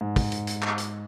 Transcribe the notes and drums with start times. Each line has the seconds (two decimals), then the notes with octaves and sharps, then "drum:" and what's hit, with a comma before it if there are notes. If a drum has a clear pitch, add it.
0.01 G#2
0.16 drum: kick, open hi-hat
0.32 drum: hi-hat
0.47 drum: hi-hat
0.62 drum: clap
0.78 drum: hi-hat